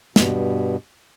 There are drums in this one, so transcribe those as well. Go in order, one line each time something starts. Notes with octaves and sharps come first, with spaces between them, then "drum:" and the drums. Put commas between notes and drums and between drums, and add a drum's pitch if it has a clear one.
G2 B2, drum: snare